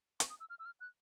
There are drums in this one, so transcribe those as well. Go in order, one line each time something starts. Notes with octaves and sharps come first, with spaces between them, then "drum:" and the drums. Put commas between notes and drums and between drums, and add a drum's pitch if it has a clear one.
C#6, drum: hi-hat
D#6
E6
F6
E6
F6
F#6